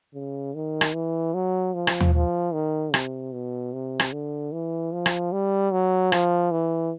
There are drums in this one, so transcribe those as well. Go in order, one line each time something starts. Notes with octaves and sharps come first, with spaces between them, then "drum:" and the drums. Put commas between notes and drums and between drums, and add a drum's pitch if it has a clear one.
C#3
D#3
drum: rim click
E3
F#3
F3
drum: rim click
drum: tom D#2
F3
D#3
C3, drum: rim click
B2
C3
drum: rim click
D3
E3
F3
drum: rim click
G3
F#3
F3, drum: rim click
E3